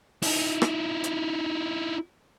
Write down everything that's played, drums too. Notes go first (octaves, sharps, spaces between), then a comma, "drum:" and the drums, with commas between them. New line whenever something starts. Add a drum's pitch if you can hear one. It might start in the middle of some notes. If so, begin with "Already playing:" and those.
D#4 E4, drum: open hi-hat
drum: rim click
drum: hi-hat